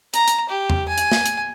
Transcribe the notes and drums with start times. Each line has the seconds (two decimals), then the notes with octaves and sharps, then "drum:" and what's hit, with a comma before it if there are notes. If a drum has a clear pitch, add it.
0.14 A#5, drum: hi-hat
0.28 drum: hi-hat
0.49 G4
0.70 drum: tom E2
0.88 G#5
0.98 drum: hi-hat
1.12 drum: snare
1.26 drum: hi-hat